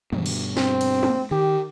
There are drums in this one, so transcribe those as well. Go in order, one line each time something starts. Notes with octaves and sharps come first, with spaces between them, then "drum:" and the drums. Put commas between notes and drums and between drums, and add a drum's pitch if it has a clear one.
G2 B2, drum: tom
drum: cymbal
C4, drum: snare
drum: cymbal
drum: tom
D#3 G4